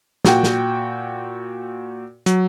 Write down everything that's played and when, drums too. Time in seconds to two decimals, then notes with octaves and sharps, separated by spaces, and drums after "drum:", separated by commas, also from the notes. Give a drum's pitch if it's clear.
0.25 A#2 F#4 G5, drum: snare
0.43 drum: snare
2.26 F#3, drum: hi-hat